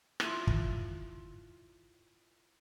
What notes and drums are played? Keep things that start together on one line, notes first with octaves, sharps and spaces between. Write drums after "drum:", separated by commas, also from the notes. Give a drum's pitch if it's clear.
E4 F4, drum: rim click
drum: kick